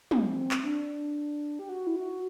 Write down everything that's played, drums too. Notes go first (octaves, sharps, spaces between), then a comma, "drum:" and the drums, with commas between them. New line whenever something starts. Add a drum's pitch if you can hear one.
C4, drum: tom
C4
drum: clap
D4
G4
F#4
E4
F#4